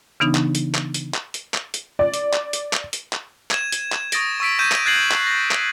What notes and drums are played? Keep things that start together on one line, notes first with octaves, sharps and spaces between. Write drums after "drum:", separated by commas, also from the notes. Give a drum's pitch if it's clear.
C#3 E3 B3 D4 D#4
drum: clap
drum: hi-hat
drum: clap
drum: hi-hat
drum: clap
drum: hi-hat
drum: clap
drum: hi-hat
D5
drum: hi-hat
drum: clap
drum: hi-hat
drum: clap
drum: hi-hat
drum: clap
G#6 D#7 E7, drum: clap
drum: hi-hat
drum: clap
C#6 D#6 A6 A#6 D7, drum: hi-hat
C#6 E6 B6 D7
C#6 E6 G6 G#6 D#7 E7
drum: clap
F#6 G#6 A6 C7 D#7 F#7
drum: clap
A#6
drum: clap